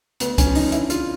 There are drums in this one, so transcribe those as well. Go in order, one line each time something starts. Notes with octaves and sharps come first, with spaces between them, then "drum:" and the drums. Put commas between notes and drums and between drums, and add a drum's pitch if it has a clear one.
D2 B3, drum: hi-hat
C#4, drum: kick, hi-hat
F3
D#4, drum: open hi-hat
D3 E4, drum: hi-hat
F4, drum: hi-hat